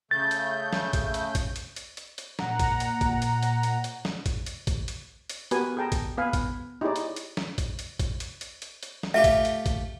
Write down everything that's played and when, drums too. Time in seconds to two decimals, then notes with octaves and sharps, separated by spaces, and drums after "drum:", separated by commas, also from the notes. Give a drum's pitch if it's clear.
0.11 C#3 A3 G6 A6
0.31 drum: hi-hat
0.73 drum: snare
0.93 drum: kick, hi-hat
1.14 drum: hi-hat
1.35 drum: kick, hi-hat
1.56 drum: hi-hat
1.76 drum: hi-hat
1.97 drum: hi-hat
2.18 drum: hi-hat
2.39 A#2 F#5 A#5, drum: snare
2.59 drum: kick, hi-hat
2.80 drum: hi-hat
3.01 drum: kick, hi-hat
3.22 drum: hi-hat
3.43 drum: hi-hat
3.63 drum: hi-hat
3.84 drum: hi-hat
4.05 drum: snare
4.26 drum: kick, hi-hat
4.46 drum: hi-hat
4.67 drum: kick, hi-hat
4.88 drum: hi-hat
5.29 drum: hi-hat
5.51 B3 F#4 G4 A#4 B4 G#5, drum: hi-hat
5.77 G#4 A4 G5 A5 A#5
5.92 drum: kick, hi-hat
6.18 B3 B4 F5 G#5 B5
6.33 drum: kick, hi-hat
6.81 D#4 E4 G4 G#4 C#5 D5
6.96 drum: hi-hat
7.16 drum: hi-hat
7.37 drum: snare
7.58 drum: kick, hi-hat
7.79 drum: hi-hat
8.00 drum: kick, hi-hat
8.20 drum: hi-hat
8.41 drum: hi-hat
8.62 drum: hi-hat
8.83 drum: hi-hat
9.03 drum: snare
9.14 A3 F4 G4 E5
9.24 drum: kick, hi-hat
9.45 drum: hi-hat
9.66 drum: kick, hi-hat